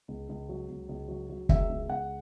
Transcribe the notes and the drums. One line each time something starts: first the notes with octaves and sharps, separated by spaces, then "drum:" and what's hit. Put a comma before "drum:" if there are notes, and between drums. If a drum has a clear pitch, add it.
C#2
C#2
F#3
C#2
C#2
F#3
F#3
C#2 E5, drum: kick
C#2
C#2 F#5